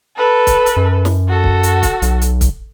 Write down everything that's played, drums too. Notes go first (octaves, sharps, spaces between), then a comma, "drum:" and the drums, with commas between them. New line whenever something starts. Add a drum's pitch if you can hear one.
A4 B4
drum: kick, hi-hat
drum: hi-hat
F#2
drum: snare
F#4 A4
drum: kick
drum: hi-hat
drum: kick, hi-hat
B1, drum: hi-hat
drum: hi-hat
drum: kick, hi-hat